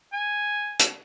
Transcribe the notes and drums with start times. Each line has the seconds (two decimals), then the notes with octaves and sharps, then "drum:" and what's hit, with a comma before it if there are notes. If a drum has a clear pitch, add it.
0.13 G#5
0.79 drum: hi-hat